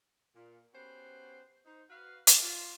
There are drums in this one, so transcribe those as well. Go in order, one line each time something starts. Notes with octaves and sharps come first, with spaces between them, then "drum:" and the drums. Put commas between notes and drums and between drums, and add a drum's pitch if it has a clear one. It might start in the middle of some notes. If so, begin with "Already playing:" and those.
A#2
B3 C#4 F#4 G4 B4 C5
D#4 C5
F#4 B4 F5
D#3, drum: hi-hat
F4